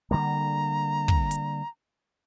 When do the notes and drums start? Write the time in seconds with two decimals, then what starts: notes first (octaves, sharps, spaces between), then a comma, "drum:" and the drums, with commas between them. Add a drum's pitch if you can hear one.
0.11 D3 G3 A#3 A#5
1.08 drum: kick
1.31 drum: hi-hat